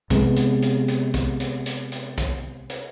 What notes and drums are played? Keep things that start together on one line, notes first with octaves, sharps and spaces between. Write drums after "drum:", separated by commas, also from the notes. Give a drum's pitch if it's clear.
C3 G#3 B3, drum: kick, hi-hat
drum: hi-hat
drum: hi-hat
drum: hi-hat
drum: kick, hi-hat
drum: hi-hat
drum: hi-hat
drum: hi-hat
drum: kick, hi-hat
drum: hi-hat